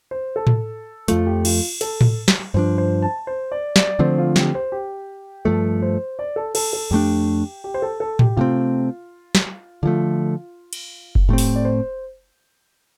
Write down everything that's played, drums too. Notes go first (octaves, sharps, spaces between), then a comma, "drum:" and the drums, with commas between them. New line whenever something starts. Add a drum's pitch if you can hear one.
C5
A4
drum: tom A2
F2 F3 A3 F4, drum: hi-hat
G4
F4, drum: cymbal
A4, drum: hi-hat
drum: tom A2
drum: snare
G2 F3 D4 C5
C5
A5
C5
D5
D5, drum: snare
D3 F3 A3 C4 C5
F4
G4, drum: snare
C5
G4
G2 F3 A3 A4
C5
D5
A4
A4, drum: cymbal
A4
F2 F3 A3 D4 G4
G4
C5
A4
A4
G4, drum: tom A2
C3 A3 C4 F4
drum: snare
D3 F3 A3 F4
drum: cymbal
drum: kick F#1
A2 A3 C4 G4
drum: open hi-hat
D5
C5